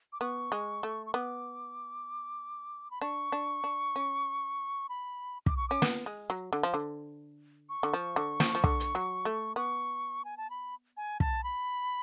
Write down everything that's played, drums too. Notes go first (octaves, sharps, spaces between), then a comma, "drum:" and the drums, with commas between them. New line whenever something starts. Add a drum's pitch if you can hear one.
D6
B3 C#6
G#3
A3
C#6
B3 D6
B5
D4 C#6
D4
D4
C#4
B5
D6, drum: kick
C#6
C#4 D6
B3, drum: snare
G#3
F#3
D3
F3
D3
C#6
D3
F3
D3
F3, drum: snare
F3
D3, drum: kick
drum: hi-hat
F#3
A3
B3 C#6
G#5
A5
B5
G#5
A5, drum: kick
B5